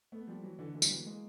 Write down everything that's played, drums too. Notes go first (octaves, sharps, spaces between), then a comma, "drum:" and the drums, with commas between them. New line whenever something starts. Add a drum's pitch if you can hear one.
A3 B3
F3 G3
E3 F#3
D3 E3
D3 E3
G3, drum: tambourine
E3 F#3
G#3 A#3